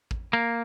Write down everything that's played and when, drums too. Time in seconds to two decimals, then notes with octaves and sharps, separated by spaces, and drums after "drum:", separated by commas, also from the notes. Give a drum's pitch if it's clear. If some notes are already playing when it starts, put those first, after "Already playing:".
0.11 drum: kick A1
0.33 A#3